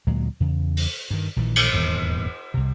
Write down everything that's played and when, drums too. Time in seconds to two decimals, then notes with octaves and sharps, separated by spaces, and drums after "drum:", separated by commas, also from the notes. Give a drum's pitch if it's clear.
0.07 D2 A#2 F#3 G#3
0.40 E2 C#3
0.77 drum: open hi-hat
1.11 G2 D#3
1.36 A#1 A#2 D#3 E3
1.56 drum: cymbal
1.72 D#1 E2 G#2 D#3
2.54 C2 C3